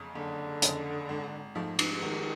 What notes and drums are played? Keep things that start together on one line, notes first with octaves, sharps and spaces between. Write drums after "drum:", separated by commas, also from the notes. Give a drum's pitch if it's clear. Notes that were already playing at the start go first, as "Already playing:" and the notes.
Already playing: F#1 F2 C#3
F#1 D3
F2 C#3, drum: hi-hat
G#1
G#2 F3 A3
drum: cymbal
G#1 D#3